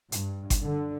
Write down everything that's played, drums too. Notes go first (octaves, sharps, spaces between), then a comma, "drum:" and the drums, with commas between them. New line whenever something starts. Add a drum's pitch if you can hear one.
G2, drum: hi-hat
drum: kick G1, hi-hat
D3